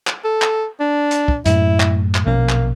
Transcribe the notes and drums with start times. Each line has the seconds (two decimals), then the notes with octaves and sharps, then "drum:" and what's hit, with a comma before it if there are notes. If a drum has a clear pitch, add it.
0.07 drum: clap
0.24 A4
0.42 drum: clap
0.80 D4
1.11 drum: hi-hat
1.28 drum: kick
1.46 F#2 A2 E4, drum: hi-hat
1.80 drum: clap
2.15 drum: clap
2.26 A#1 B2 A#3 C#4
2.49 drum: clap